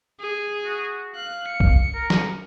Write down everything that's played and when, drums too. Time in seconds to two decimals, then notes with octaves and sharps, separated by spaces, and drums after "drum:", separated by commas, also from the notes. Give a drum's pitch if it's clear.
0.20 G#4
0.65 F#4
1.16 F5 F#6
1.47 C#7
1.60 drum: kick B1
1.95 A#4
2.10 drum: snare